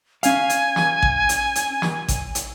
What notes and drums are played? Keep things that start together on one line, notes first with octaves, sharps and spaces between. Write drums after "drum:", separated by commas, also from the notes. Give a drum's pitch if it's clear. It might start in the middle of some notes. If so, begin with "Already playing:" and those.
C#4 F5 G#5, drum: hi-hat
drum: hi-hat
drum: snare
drum: kick A1
drum: hi-hat
drum: hi-hat
drum: snare
drum: kick A1, hi-hat
drum: hi-hat